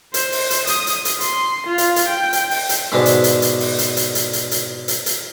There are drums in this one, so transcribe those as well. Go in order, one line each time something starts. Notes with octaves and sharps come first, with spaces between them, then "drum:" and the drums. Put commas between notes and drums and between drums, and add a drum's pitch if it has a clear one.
C5, drum: hi-hat
drum: open hi-hat
drum: hi-hat
D#6, drum: hi-hat
drum: hi-hat
drum: hi-hat
C6, drum: hi-hat
F4
drum: hi-hat
drum: hi-hat
G5
drum: hi-hat
drum: open hi-hat
drum: hi-hat
G#2 B2 D3 D4
drum: hi-hat
drum: hi-hat
drum: hi-hat
drum: open hi-hat
drum: hi-hat
drum: hi-hat
drum: hi-hat
drum: hi-hat
drum: hi-hat
drum: hi-hat
drum: hi-hat